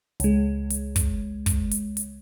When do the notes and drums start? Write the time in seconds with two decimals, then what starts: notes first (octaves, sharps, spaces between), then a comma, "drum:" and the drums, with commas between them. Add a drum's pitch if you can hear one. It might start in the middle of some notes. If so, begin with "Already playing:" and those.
0.20 C#2 G#3, drum: hi-hat
0.70 drum: hi-hat
0.96 drum: kick, hi-hat
1.46 drum: kick, hi-hat
1.71 drum: hi-hat
1.97 drum: hi-hat